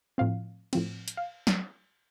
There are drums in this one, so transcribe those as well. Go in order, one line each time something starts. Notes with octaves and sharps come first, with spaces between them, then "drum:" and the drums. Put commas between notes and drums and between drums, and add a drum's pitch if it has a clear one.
A2 F3 C4 F5
A2 F3 C4, drum: cymbal
drum: hi-hat
F5
drum: snare